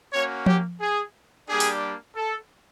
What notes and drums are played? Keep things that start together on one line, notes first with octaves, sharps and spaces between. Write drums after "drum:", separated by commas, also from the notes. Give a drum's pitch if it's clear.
A#3 C#4 F#4 C#5
G4, drum: tom F3
G#4
G3 A#3 D4 G4 G#4
drum: open hi-hat
A4